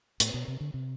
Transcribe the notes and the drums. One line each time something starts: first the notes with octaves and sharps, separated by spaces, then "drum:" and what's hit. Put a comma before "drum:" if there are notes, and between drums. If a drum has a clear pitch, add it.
A2, drum: hi-hat
B2
C3
D3
C3